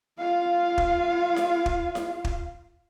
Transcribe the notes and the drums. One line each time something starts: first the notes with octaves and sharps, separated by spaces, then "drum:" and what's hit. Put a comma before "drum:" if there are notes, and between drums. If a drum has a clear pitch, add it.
F4 F5
drum: kick
drum: snare E4
drum: kick
drum: snare E4
drum: kick